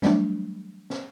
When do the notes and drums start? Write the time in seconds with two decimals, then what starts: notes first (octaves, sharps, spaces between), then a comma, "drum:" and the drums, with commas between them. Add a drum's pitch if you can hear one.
0.02 E3 F#3 G3 A3 D4, drum: snare
0.90 drum: snare